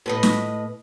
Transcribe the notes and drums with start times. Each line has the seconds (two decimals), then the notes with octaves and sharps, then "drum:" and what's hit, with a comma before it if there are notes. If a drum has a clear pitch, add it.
0.06 A2 B4 D#5
0.23 drum: snare